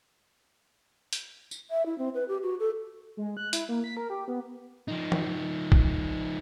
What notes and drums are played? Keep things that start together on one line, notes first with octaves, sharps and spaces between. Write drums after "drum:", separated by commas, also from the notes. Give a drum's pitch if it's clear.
drum: hi-hat
drum: tambourine
E5
E4
C4
B4
G4
F#4
A4
G#3
F#6
E4, drum: hi-hat
A#3
B6
A#4
G4
B3
F3 D#4
drum: tom
drum: kick A1